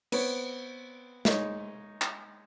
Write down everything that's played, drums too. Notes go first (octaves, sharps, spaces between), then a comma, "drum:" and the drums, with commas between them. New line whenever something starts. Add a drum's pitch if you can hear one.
B3 C4 B4 C#5, drum: cymbal
G#3 D#4 C#5, drum: snare
drum: clap